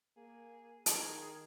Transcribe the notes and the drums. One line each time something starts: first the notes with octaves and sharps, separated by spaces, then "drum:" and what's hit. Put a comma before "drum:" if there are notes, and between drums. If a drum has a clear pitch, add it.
A#3 G#4
D#3 G#4 A#4, drum: hi-hat